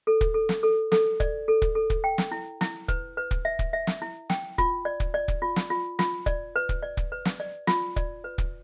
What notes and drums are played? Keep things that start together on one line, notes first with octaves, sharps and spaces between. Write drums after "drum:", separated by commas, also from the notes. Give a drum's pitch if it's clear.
A4
drum: kick
A4
drum: snare
A4
A4, drum: snare
D5, drum: kick
A4
drum: kick
A4
drum: kick
G5
drum: snare
E4
E4, drum: snare
B4, drum: kick
B4
drum: kick
E5
drum: kick
E5
drum: snare
E4
G5, drum: snare
F4, drum: kick
D5
drum: kick
D5
drum: kick
F4
drum: snare
F4
F4, drum: snare
D5, drum: kick
B4
drum: kick
D5
drum: kick
B4
drum: snare
D5
F4, drum: snare
D5, drum: kick
B4
drum: kick